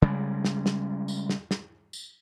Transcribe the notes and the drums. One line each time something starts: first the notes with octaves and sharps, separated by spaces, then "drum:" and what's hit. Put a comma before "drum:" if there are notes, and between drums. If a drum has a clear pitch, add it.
C#3 G3 G#3
drum: snare
drum: snare
drum: tambourine
drum: snare
drum: snare
drum: tambourine